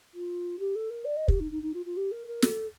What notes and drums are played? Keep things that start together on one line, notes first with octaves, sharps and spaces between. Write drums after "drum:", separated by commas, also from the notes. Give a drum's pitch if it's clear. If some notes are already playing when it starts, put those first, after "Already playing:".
F4
G4
A4
A#4
D5
D#5
G4, drum: kick
D#4
D#4
D#4
F4
F4
G4
A#4
A#4
A4, drum: snare